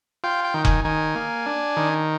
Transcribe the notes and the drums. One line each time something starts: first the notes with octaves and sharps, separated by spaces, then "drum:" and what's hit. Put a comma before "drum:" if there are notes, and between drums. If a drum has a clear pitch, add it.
F4 G5
G5
D#3
G#5, drum: kick F1
D#3 G#5
A#3
D4
D#3